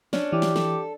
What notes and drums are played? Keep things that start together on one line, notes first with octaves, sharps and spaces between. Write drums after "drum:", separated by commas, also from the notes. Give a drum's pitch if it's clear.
C#4 D4, drum: snare
E3 G4
drum: snare
A4, drum: snare